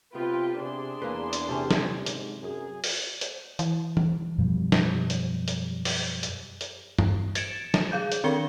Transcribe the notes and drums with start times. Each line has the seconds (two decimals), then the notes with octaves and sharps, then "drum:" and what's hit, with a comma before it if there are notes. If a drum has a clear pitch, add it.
0.15 C3 B3 F4 B4 G5
0.61 C3 D4 G#4 C6
1.02 E2 A#3 C#4 B4
1.33 drum: hi-hat
1.49 C3 A3 C#4
1.71 drum: snare
2.06 G#2, drum: hi-hat
2.43 F#2 G#4
2.84 drum: open hi-hat
3.21 drum: hi-hat
3.59 E3, drum: hi-hat
3.97 drum: tom
4.38 F#2 B2 F3 G3
4.72 drum: snare
5.10 drum: hi-hat
5.48 drum: hi-hat
5.85 drum: open hi-hat
6.23 drum: hi-hat
6.61 drum: hi-hat
6.98 drum: tom
7.35 G#6 A6 C#7 D7 E7, drum: hi-hat
7.74 drum: snare
7.92 G#4 F5 G6
8.12 drum: hi-hat
8.24 D#3 C4 D4 A#4 C#7 G7